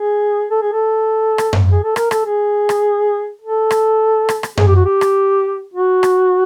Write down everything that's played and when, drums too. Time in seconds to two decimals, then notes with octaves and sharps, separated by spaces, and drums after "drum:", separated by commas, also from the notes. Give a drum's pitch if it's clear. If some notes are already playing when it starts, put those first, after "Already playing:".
Already playing: G#4
0.51 A4
0.62 G#4
0.73 A4
1.38 drum: rim click
1.53 drum: tom F#2
1.71 G#4
1.84 A4
1.96 A#4, drum: rim click
2.11 A4, drum: rim click
2.26 G#4
2.69 drum: rim click
3.42 A4
3.71 drum: rim click
4.29 drum: rim click
4.43 drum: rim click
4.57 G#4, drum: tom F#2
4.67 G4
4.76 F#4
4.85 G4
5.01 drum: rim click
5.74 F#4
6.03 drum: rim click